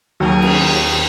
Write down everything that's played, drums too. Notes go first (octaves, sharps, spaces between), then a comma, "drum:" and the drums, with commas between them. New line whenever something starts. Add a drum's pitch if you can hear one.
D#2 F#3 G#4 A#4
drum: cymbal